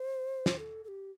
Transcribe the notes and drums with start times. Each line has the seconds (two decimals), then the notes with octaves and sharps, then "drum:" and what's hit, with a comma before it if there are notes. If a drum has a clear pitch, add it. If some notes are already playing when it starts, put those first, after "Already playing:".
Already playing: C5
0.46 drum: snare
0.59 A4
0.84 A4
0.88 G4